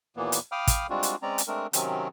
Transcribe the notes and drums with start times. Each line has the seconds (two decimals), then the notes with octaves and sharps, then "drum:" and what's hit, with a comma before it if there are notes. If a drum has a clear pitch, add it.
0.17 D#2 A#2 E3 A#3 B3
0.32 drum: hi-hat
0.52 F5 G5 B5 D6 D#6 F6
0.67 drum: kick, hi-hat
0.90 G3 G#3 C4 D4 F4 F#4
1.03 drum: hi-hat
1.22 G#3 C4 C#4 D5 A#5
1.38 drum: hi-hat
1.48 G#3 A3 C4 D4 A#4
1.73 C3 D#3 F#3 C4 C#4, drum: hi-hat